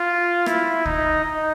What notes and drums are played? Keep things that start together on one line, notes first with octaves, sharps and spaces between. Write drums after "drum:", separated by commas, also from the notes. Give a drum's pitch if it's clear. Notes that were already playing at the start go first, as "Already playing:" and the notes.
Already playing: F4
E4, drum: rim click
D#4, drum: kick
D#4